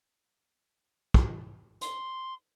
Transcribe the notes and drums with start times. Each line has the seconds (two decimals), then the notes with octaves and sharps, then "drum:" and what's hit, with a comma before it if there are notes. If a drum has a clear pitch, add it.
1.14 drum: kick
1.81 C6, drum: hi-hat